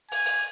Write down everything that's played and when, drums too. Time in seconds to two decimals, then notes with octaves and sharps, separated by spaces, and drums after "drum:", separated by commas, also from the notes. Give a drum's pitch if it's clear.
0.11 G#5, drum: open hi-hat
0.25 drum: open hi-hat